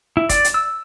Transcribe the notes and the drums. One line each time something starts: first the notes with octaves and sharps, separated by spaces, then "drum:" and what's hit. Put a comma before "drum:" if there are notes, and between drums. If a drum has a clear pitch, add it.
E4
D5, drum: kick, hi-hat
drum: hi-hat
E6